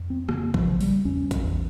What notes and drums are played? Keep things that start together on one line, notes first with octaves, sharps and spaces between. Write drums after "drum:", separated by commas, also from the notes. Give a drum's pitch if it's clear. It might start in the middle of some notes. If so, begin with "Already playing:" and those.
Already playing: F2
C4
C#3 A#3, drum: rim click
F3, drum: kick
C#3
G3, drum: open hi-hat
E2 C#4
drum: kick, hi-hat
E2